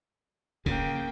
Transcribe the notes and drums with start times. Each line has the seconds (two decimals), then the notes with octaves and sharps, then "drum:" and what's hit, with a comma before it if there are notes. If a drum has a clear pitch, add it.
0.66 C#3 A#3 G5, drum: kick D#1